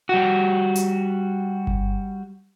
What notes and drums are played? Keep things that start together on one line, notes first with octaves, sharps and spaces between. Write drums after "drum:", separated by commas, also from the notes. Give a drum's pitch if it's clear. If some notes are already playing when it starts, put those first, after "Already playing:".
G3 F#4
drum: hi-hat
drum: kick G1